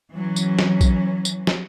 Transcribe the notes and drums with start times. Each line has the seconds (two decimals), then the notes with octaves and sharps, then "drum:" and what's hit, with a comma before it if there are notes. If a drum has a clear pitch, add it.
0.14 E3 F#3 C#4
0.36 drum: tambourine
0.59 drum: snare
0.81 drum: kick A#1, tambourine
1.25 drum: tambourine
1.47 drum: snare